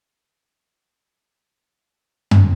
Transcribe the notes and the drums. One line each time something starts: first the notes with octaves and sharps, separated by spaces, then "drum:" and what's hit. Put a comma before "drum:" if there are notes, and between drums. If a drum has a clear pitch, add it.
A4
A4
G4
F#4
F4
drum: tom F#2